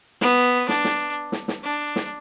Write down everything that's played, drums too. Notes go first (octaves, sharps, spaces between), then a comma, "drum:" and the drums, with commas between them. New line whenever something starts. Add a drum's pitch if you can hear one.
B3, drum: snare
D4, drum: snare
drum: snare
drum: snare
drum: snare
D4
drum: snare